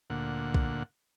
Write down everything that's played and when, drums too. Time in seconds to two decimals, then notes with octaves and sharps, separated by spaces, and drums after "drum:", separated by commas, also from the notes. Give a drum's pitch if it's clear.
0.10 D2 A#2 F#5
0.54 drum: kick B1